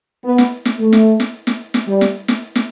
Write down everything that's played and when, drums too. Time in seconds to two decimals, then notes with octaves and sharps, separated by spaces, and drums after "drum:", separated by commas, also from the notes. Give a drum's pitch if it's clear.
0.25 B3
0.38 drum: snare
0.65 drum: snare
0.79 A3
0.93 drum: snare
1.20 drum: snare
1.47 drum: snare
1.74 drum: snare
1.88 G3
2.01 drum: snare
2.28 drum: snare
2.55 drum: snare